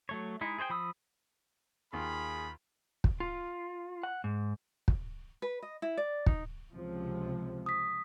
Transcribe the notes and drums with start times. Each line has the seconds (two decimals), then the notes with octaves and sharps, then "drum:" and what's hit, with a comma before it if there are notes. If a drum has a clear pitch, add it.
0.09 F#3 A3 C#5
0.41 G#3 D#4 E4
0.58 G#4 C5 C#5 G5
0.70 F3 B5 D#6 E6
1.93 D#2 F4 G#4 B5
3.04 drum: kick
3.20 F4
4.03 F#5
4.24 G#2
4.88 drum: kick
5.42 B4
5.62 D#5
5.82 E4
5.97 D5
6.26 D#4, drum: kick
6.71 C#2 C3 F3
7.66 D#6 B6